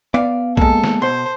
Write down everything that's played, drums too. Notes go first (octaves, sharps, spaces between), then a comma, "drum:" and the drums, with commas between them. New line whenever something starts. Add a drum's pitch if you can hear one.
B3 D5 F5
G#3 A#3 A4, drum: kick
drum: snare
B2 C5 C6